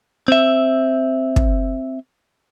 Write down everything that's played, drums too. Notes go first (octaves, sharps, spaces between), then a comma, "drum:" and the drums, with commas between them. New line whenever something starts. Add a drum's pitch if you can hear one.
C4 E5
drum: kick